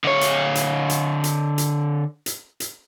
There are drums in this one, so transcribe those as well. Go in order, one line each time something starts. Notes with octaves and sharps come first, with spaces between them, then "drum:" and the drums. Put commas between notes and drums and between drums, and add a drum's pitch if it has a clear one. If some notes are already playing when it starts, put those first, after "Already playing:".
D3 C#5
drum: hi-hat
drum: hi-hat
drum: hi-hat
drum: hi-hat
drum: hi-hat
drum: hi-hat
drum: hi-hat